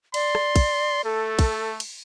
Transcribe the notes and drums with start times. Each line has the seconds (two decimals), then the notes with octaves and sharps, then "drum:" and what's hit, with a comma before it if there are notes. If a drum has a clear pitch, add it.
0.14 D5 C6, drum: cymbal
0.35 drum: rim click
0.56 drum: kick, cymbal
1.04 A3 A4
1.39 drum: kick, cymbal
1.80 drum: cymbal